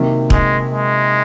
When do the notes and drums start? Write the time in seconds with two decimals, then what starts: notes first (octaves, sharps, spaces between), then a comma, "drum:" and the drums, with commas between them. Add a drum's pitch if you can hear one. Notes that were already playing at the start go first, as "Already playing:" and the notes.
Already playing: C3 D#3 F#3 A#3
0.30 G#3, drum: kick
0.70 G#3